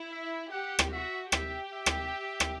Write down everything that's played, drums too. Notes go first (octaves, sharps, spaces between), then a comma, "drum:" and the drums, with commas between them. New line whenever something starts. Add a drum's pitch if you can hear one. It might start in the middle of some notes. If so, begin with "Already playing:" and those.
Already playing: E4
E5
G4 F#5
drum: rim click
F#4 E5
G4 E5, drum: rim click
E5
drum: rim click
drum: rim click